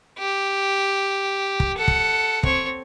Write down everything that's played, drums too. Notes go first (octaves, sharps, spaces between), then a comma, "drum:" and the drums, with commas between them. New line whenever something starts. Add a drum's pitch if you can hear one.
G4
drum: kick
A4 F#5
drum: kick
C4 C#5, drum: kick